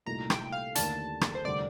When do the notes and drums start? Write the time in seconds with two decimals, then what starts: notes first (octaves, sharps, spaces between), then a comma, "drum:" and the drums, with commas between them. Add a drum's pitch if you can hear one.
0.06 C2 A#2 A3 D#4 A#5
0.30 G5, drum: rim click
0.52 F5
0.75 D#2 D3 A3 D4 G4 A5, drum: hi-hat
1.21 drum: rim click
1.35 C5
1.44 F1 D3 G3 D5